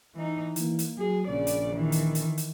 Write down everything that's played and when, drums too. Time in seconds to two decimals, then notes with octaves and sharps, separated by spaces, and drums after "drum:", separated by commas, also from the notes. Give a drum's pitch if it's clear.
0.15 E3 D#4
0.56 E3 A#3, drum: hi-hat
0.79 drum: hi-hat
0.98 F#3 G#4
1.28 A#1 C#3 D5
1.47 drum: hi-hat
1.75 D#3 E3
1.92 drum: hi-hat
2.15 drum: hi-hat
2.38 drum: hi-hat